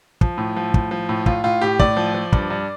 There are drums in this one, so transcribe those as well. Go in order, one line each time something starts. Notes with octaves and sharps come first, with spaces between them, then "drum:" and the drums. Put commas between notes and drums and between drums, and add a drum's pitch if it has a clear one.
F3, drum: kick
A2
F3
A2, drum: kick
F3
A2
A2 F4, drum: kick
A2 F4
A2 G4
A2 D5, drum: kick
F3
F3
G2, drum: kick
G2